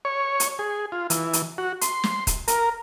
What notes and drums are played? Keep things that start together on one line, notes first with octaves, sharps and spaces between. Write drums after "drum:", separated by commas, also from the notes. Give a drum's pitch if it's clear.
C#5
drum: hi-hat
G#4
F4
E3, drum: hi-hat
drum: hi-hat
F#4
C6, drum: hi-hat
drum: snare
drum: kick, hi-hat
A#4, drum: hi-hat